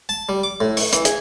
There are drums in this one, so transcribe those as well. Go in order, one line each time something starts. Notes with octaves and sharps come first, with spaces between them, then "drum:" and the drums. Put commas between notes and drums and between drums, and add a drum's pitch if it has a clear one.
A5
G3
D6
A2
C#6, drum: open hi-hat
E3, drum: hi-hat
G#4, drum: hi-hat